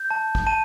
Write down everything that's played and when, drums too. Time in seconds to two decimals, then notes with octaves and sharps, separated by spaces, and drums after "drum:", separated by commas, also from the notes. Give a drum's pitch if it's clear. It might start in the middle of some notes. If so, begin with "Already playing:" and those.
Already playing: G6
0.10 A5
0.35 drum: kick
0.47 A5 D#7